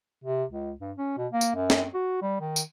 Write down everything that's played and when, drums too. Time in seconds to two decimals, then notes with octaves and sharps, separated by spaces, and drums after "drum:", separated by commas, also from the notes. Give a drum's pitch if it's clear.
0.24 C3
0.51 C#2
0.80 G2
0.97 C#4
1.18 B2
1.32 A#3
1.41 drum: tambourine
1.56 F#2
1.70 drum: snare
1.94 F#4
2.22 G3
2.40 D#3
2.56 drum: tambourine